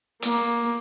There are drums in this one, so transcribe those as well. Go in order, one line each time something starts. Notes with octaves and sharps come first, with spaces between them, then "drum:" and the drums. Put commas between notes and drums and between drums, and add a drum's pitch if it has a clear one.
A#3, drum: hi-hat